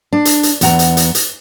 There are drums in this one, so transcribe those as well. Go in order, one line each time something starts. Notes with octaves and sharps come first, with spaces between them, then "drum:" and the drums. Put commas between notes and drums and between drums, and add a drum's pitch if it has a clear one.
D4
drum: hi-hat
drum: hi-hat
E2 F#5 A#5, drum: hi-hat
drum: hi-hat
drum: hi-hat
drum: hi-hat